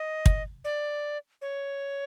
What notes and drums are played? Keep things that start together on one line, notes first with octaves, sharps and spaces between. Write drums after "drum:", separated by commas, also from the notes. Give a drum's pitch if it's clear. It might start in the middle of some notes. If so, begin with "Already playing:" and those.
Already playing: D#5
drum: kick
D5
C#5